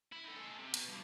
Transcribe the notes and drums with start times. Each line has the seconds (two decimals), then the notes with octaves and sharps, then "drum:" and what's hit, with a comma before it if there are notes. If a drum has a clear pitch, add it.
0.12 E4
0.24 D#4 A4
0.37 G#3 A4
0.58 C3
0.74 B2, drum: hi-hat
0.89 G2 B2